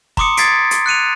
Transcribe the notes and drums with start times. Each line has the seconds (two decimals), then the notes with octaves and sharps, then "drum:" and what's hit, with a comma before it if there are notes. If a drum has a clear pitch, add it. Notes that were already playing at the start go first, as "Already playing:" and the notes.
0.17 A#5 C6 D6 D#6 C#7, drum: kick
0.37 D#6 G#6 A6 B6 C7 D7, drum: hi-hat
0.71 drum: hi-hat
0.86 F#6 C#7 D#7 F7